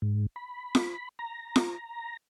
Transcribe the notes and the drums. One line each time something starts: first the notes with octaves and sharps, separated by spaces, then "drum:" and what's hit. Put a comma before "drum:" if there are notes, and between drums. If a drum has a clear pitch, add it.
G#2
B5
drum: snare F4
A#5
drum: snare F4